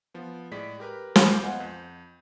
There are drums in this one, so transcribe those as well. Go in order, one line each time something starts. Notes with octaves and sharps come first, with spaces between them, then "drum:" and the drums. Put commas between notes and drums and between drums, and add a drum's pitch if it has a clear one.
F3 B3
A2 G#3 D5 B6
G4 A#4 B4
drum: snare
G#5 D6 G6 C7
B3 F4 C5 D#5 F#5 G#5
F2